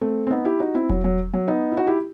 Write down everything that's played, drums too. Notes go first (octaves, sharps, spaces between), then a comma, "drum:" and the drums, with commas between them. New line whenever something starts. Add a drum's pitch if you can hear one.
A3 C4
C4
B3 D#4
E4 G4
D#4 F#4
C4 E4
F#3, drum: kick E1
F#3
F#3
B3 D#4
E4
D#4 F#4
E4 G4